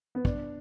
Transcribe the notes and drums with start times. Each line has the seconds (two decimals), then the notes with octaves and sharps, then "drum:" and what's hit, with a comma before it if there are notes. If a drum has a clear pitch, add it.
0.15 B3
0.25 D4, drum: kick